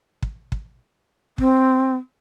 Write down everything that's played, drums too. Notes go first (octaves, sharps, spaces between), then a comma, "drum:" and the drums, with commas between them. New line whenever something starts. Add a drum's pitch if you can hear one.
drum: kick
drum: kick
C4, drum: kick